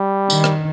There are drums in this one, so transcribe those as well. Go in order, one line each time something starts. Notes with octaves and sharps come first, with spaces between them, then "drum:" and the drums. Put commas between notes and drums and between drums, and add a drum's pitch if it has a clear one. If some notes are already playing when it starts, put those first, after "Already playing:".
Already playing: G3
D#3, drum: tambourine
drum: rim click